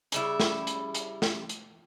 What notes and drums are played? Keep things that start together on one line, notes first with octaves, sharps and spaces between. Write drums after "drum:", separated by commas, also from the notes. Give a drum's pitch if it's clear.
C#3 G3 E4, drum: hi-hat
drum: snare
drum: hi-hat
drum: hi-hat
drum: snare
drum: hi-hat